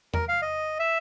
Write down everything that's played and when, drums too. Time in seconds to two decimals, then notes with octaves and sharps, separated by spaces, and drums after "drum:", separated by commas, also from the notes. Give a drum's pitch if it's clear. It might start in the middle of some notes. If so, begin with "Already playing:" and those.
0.14 A#4, drum: tom E2
0.28 F5
0.42 D#5
0.79 E5